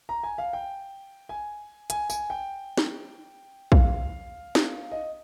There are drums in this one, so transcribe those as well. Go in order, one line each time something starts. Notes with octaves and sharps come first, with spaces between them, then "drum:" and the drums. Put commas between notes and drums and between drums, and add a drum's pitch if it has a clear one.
A#5
G#5
F5
G5
G#5
G#5, drum: hi-hat
G#5, drum: tambourine
G5
drum: snare
F5, drum: kick A#1
drum: snare
D#5